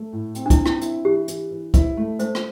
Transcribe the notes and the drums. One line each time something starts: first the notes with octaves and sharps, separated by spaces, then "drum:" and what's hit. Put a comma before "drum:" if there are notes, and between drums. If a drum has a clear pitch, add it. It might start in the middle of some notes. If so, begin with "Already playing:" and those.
Already playing: A3
A2
C4, drum: hi-hat
D4
E4, drum: kick, hi-hat
C4
E4, drum: rim click
E4, drum: hi-hat
E3 G4
E3, drum: hi-hat
E3
E4, drum: kick, hi-hat
A3
A3 C5, drum: hi-hat
drum: rim click